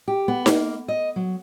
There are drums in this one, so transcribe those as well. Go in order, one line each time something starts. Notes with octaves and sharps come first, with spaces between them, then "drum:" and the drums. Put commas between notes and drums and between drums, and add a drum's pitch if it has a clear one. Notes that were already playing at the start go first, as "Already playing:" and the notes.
G4
B3
A#3, drum: snare D#4
D#5
F#3